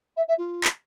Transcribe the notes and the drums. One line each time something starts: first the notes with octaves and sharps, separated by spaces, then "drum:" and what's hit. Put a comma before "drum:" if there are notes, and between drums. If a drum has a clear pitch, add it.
E5
E5
F4
drum: clap